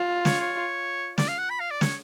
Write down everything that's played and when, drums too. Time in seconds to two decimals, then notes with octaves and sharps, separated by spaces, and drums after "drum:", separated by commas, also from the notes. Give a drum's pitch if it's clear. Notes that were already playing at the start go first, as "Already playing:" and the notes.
Already playing: F4
0.25 C#5, drum: snare
0.41 C#5
1.18 D5, drum: snare
1.28 F5
1.38 F#5
1.50 B5
1.60 F5
1.71 D5
1.81 C#5, drum: snare